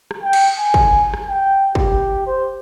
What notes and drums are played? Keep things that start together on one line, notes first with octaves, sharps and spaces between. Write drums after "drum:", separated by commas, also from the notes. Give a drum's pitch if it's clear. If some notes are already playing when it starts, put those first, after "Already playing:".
drum: rim click
G5
drum: cymbal
G#5
drum: kick
drum: rim click
G5
G4, drum: kick
C5